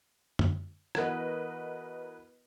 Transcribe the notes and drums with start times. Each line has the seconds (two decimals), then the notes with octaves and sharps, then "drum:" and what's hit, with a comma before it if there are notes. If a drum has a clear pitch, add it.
0.39 drum: tom F#2
0.95 E3 B3 F#4 A#4 B4 D#5, drum: rim click